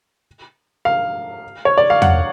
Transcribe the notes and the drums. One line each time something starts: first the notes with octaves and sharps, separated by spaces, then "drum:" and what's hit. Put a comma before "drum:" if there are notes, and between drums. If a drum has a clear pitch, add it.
F5
C#5
D5
F5
F#5, drum: tom E2